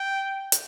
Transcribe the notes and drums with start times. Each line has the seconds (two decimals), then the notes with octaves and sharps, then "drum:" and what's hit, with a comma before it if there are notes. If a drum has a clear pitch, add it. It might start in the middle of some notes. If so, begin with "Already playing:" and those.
Already playing: G5
0.52 drum: hi-hat